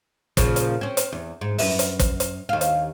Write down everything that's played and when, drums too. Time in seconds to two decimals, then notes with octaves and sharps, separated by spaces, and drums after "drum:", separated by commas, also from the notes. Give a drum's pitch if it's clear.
0.37 A#2 C#3 F3, drum: kick, hi-hat
0.56 drum: hi-hat
0.81 C4 C#4
0.97 drum: hi-hat
1.13 E2
1.41 G#2
1.58 F#2 B4 E5, drum: open hi-hat
1.79 drum: hi-hat
1.99 drum: kick, hi-hat
2.20 drum: hi-hat
2.49 D#2 F5
2.61 drum: hi-hat